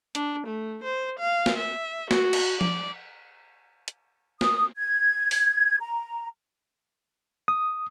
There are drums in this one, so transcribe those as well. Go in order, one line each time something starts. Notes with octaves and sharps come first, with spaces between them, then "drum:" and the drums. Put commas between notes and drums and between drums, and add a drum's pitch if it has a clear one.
D4, drum: hi-hat
A3
C5
F5
drum: snare
E5
F#4, drum: snare
drum: cymbal
D5, drum: tom F3
drum: hi-hat
D#6, drum: snare
G#6
drum: open hi-hat
A#5
D#6